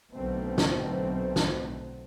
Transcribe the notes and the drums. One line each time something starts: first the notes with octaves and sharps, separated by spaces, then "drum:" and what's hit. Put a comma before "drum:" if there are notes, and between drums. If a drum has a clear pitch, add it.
B1 B2 D3 A3 C4
drum: snare
drum: snare